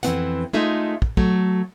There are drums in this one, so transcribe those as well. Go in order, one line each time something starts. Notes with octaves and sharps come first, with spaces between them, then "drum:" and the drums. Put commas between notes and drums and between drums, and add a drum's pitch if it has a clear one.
F2 E3 C4 D4 B4 F#5, drum: hi-hat
G#3 A3 D#4 F4 E5
drum: kick
F#3 A3, drum: kick